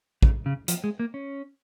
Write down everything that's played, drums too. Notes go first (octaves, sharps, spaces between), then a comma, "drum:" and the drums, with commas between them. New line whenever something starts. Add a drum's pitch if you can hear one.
C#3, drum: kick
C#3
F3, drum: hi-hat
G#3
A#3
C#4